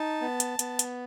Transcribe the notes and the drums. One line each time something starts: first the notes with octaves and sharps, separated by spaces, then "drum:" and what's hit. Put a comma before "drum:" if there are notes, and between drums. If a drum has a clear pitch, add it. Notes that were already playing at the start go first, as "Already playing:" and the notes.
Already playing: D#4 A5
B3
drum: hi-hat
B3, drum: hi-hat
drum: hi-hat